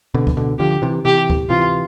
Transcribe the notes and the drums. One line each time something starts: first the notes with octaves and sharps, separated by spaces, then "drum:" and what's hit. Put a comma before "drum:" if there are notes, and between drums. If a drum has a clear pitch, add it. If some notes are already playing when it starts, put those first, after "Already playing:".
B2 D3
drum: kick C#2
B2 D3
D3 F3 G4
C3 E3
C3 E3 G4
drum: kick C#2
C3 E3 F4